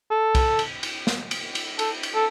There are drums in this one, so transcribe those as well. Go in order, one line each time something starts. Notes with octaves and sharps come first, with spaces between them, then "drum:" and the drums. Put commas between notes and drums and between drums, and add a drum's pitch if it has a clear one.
A4
drum: kick C2, cymbal
drum: cymbal
drum: cymbal
drum: snare
drum: cymbal
drum: cymbal
A4, drum: cymbal
drum: cymbal
A4